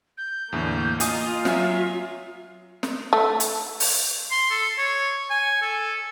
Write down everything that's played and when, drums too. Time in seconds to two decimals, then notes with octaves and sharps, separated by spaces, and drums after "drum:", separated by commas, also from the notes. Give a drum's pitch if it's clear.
0.17 G6
0.52 E2 A2 D3 A#3
1.00 F4 D#5 F5 G#5 D#6, drum: hi-hat
1.45 F#3 E5 G#5, drum: snare
2.83 drum: snare
3.13 A3
3.40 drum: hi-hat
3.80 drum: open hi-hat
4.31 C6
4.51 A4
4.78 C#5
5.30 G#5
5.62 A4